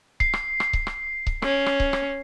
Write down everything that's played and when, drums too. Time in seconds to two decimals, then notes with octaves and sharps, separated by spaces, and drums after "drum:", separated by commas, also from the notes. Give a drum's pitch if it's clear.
0.20 C7, drum: kick C#1
0.33 drum: rim click
0.60 drum: rim click
0.73 drum: kick C#1
0.87 drum: rim click
1.27 drum: kick C#1
1.42 C#4, drum: rim click
1.66 drum: rim click
1.80 drum: kick C#1
1.93 drum: rim click